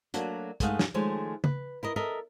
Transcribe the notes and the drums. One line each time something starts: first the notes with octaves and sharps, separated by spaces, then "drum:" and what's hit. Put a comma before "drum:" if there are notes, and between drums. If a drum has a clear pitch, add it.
F#3 A3 A#3 D4 F#4, drum: hi-hat
G2 G#3 A3 D#4 F5 F#5, drum: kick, hi-hat
drum: snare
D#3 F3 G#3 A3 C#5
B4, drum: tom
E4 A#4 D#5
A4 A#4 D#5 E5